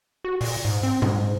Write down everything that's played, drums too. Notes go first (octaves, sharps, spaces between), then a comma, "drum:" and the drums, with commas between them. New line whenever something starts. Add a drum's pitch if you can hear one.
F#4
A#2, drum: open hi-hat
G#2
C4
G#2, drum: tom A#2